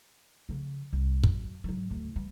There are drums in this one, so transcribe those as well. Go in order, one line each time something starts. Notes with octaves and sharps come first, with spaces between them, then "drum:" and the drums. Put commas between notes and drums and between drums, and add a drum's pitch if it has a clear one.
C#3 F3
C2
F#2, drum: kick
G#2 F#3
D2 G2
E3 G3